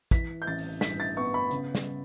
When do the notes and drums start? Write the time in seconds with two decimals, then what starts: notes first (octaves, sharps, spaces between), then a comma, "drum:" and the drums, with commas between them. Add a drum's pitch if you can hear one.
0.11 E3 B6, drum: kick, hi-hat
0.42 G6
0.47 A1 A6
0.58 drum: open hi-hat
0.81 G2 B6, drum: snare
1.00 A6
1.17 B3 C#6
1.34 B5
1.51 C#3, drum: hi-hat
1.75 drum: snare